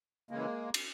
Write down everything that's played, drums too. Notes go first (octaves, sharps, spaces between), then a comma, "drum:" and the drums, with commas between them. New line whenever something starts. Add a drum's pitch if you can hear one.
C#3 E3 G#3 A#3
drum: cymbal